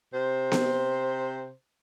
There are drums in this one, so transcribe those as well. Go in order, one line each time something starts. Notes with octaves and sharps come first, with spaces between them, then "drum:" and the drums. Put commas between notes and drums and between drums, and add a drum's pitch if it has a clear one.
C3 C5
drum: snare B3